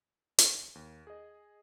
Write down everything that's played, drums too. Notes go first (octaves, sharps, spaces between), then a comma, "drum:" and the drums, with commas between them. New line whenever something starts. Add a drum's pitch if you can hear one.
drum: hi-hat
D#2
G#4 D#5